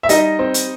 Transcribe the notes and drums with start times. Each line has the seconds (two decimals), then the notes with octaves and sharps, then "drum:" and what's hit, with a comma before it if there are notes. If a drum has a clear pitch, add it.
0.03 E5
0.09 G3 D#4 D#5, drum: hi-hat
0.39 C4
0.54 drum: hi-hat